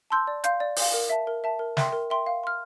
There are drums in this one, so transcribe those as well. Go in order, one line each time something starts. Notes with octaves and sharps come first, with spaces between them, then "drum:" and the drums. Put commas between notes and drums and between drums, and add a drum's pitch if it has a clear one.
A5 C6 E6 G6
D5
F5 C6 G6, drum: hi-hat
D5
F5 C6 G6, drum: open hi-hat
A#4
E5 A5
A#4
E5 A5
A#4
E5 G5 C6, drum: snare
A#4
E5 G5 C6
F5
C6 F6